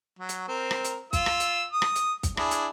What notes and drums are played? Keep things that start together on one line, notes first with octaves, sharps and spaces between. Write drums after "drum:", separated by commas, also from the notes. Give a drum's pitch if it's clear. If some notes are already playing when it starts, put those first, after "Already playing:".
F#3
drum: hi-hat
C4 A#4
drum: rim click
drum: hi-hat
F4 E6, drum: kick, hi-hat
drum: rim click
drum: hi-hat
D#6
drum: rim click
drum: hi-hat
drum: kick, hi-hat
D4 E4 G#4, drum: rim click
drum: hi-hat